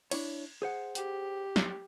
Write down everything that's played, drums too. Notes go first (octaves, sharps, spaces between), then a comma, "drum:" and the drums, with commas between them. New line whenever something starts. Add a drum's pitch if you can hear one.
D4 E4 C#5, drum: cymbal
G#4 C5 F#5
G4, drum: hi-hat
drum: snare